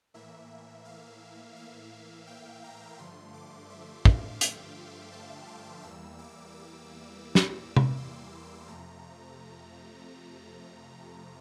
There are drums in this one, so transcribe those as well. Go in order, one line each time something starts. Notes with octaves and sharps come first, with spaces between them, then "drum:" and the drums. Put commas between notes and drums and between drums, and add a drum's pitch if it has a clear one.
A2 E3 A#3 E5
F5
F5
G5
A#5
G2 D3 F3 A3 C6
D6
E5
F5, drum: kick
G5, drum: hi-hat
A5
F5
E2 E3 G3 A#3 E6
D6
D6
drum: snare
drum: tom C3
C6
F2 C3 F3 A3 A#5